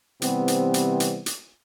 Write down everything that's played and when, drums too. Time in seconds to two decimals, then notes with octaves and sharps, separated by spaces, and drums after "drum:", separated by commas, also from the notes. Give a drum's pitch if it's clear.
0.22 C3 E3 G3 B3 C4, drum: hi-hat
0.48 drum: hi-hat
0.74 drum: hi-hat
1.00 drum: hi-hat
1.26 drum: hi-hat